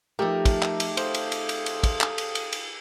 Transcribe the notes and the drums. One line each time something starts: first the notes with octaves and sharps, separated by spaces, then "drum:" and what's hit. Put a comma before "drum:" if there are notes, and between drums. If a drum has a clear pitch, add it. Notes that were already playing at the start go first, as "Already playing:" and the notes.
F3 A3 D#4 G4 A4 A#4 D6
drum: kick, cymbal
drum: clap
drum: cymbal
A4 C5 F5 D#6, drum: cymbal
drum: cymbal
drum: cymbal
drum: cymbal
drum: cymbal
drum: kick, cymbal
drum: clap
drum: cymbal
drum: cymbal
drum: cymbal